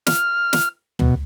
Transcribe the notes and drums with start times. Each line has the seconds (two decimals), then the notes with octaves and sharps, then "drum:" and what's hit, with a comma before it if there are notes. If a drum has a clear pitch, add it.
0.07 F6, drum: snare
0.53 drum: snare
0.99 B2, drum: tom